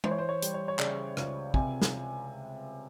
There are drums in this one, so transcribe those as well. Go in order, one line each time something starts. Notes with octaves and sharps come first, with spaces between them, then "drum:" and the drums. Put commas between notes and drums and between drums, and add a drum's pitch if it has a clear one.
E3 C5, drum: tom
C#5
C5
C#5
G3, drum: hi-hat
C#5
C#5
C#3 D5, drum: clap
C#2, drum: rim click
C3 G#5, drum: kick
drum: snare